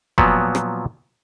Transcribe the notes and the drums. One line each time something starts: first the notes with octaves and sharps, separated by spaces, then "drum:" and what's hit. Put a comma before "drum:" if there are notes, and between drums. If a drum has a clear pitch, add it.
A#2 F3 F#3 B3, drum: kick F1
drum: rim click